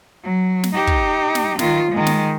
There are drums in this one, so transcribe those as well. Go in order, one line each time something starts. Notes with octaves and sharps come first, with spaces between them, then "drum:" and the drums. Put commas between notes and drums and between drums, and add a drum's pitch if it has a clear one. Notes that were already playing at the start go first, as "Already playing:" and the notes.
F#3
drum: snare
D#4 G4
drum: kick
drum: snare
D#3 F4, drum: snare
D#3 G#3
drum: snare